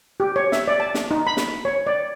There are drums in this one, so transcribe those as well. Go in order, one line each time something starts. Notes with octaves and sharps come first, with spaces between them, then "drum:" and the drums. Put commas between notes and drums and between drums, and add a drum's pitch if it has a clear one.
G4
C#5
E5, drum: snare
D5
A5
drum: snare
D#4
B5
drum: snare
C#5
D5